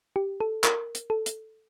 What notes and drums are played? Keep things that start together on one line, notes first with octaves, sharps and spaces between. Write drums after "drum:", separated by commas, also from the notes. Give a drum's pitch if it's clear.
G4
A4
A#4, drum: clap
drum: hi-hat
A4
drum: hi-hat